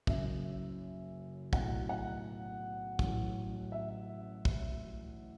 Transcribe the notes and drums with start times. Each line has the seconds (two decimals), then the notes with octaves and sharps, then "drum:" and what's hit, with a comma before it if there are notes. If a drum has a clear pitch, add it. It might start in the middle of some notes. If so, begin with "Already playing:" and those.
0.07 F#1 F#2 F#3 E5, drum: kick
1.53 B1 A2 F#3 F#5, drum: kick
1.89 F#5
2.99 A1 A2 F#3, drum: kick
3.72 E5
4.45 drum: kick